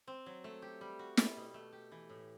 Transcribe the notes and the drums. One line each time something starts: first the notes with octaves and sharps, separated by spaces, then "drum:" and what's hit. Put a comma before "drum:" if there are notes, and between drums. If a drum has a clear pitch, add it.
C4
F#3
A3
G4
G3
F#4
G3, drum: snare
B2
A3
G4
E3
A2